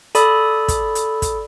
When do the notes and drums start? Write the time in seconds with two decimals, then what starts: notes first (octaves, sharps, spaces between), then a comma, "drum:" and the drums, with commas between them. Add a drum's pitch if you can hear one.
0.15 A4 D5 B5 D#6, drum: hi-hat
0.68 drum: kick, hi-hat
0.95 drum: hi-hat
1.22 drum: kick, hi-hat